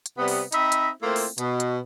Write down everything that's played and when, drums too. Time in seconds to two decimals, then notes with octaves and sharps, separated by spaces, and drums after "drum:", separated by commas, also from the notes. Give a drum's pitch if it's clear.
0.06 drum: hi-hat
0.18 C3 G3 B3
0.28 drum: open hi-hat
0.52 C4 D#4 D#5 E5 B5, drum: hi-hat
0.72 drum: hi-hat
1.01 A3 A#3 C4 E4 F4
1.16 drum: open hi-hat
1.38 B2, drum: hi-hat
1.60 drum: hi-hat